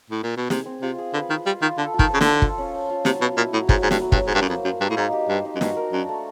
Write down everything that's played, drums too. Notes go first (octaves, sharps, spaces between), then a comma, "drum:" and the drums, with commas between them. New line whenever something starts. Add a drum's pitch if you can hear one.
A2
A#2
B2
C3 G#4, drum: snare
C4
C3 F4
G#4
D3 B4
D#3 B4
G3 F4
D#3 F4
D3 A4
F4
D#3, drum: kick
C5
C#3
D3 A4, drum: snare
F4, drum: kick
C#4
C5
F4
C3 F#3, drum: snare
B2 B3
A#2 E4
A2 F#3
G#2 E4, drum: kick
G#2 B3
G2, drum: snare
F#3
G2, drum: kick
F#3
G#2
G2 A#3
F#2
F2 C5
F#2 C5
G2 A#3
A2
G#2 D#4
G4
G2 C5
D#4
F#2
G2 F#4, drum: snare
A#4
F#2 D4
A3